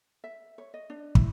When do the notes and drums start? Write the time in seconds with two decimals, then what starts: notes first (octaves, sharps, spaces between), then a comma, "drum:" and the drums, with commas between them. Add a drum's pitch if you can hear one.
0.24 E5
0.58 C#5
0.74 D#5
0.90 D4
1.15 E4, drum: kick